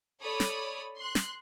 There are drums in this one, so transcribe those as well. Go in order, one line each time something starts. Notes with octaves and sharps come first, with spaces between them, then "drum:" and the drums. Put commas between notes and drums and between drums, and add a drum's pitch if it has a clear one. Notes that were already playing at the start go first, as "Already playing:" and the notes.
A4 C#5 D5 B5 D#6
drum: snare
C6 F#6
drum: snare